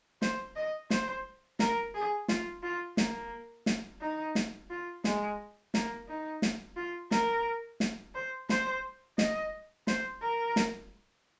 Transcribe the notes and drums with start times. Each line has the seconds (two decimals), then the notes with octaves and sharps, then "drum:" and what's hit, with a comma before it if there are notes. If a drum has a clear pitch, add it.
0.22 C5, drum: snare
0.56 D#5
0.90 C5, drum: snare
1.59 A#4, drum: snare
1.94 G#4
2.28 F4, drum: snare
2.63 F4
2.97 A#3, drum: snare
3.66 drum: snare
4.01 D#4
4.35 drum: snare
4.70 F4
5.04 G#3, drum: snare
5.74 A#3, drum: snare
6.08 D#4
6.42 drum: snare
6.76 F4
7.11 A#4, drum: snare
7.80 drum: snare
8.15 C5
8.49 C5, drum: snare
9.18 D#5, drum: snare
9.87 C5, drum: snare
10.22 A#4
10.56 drum: snare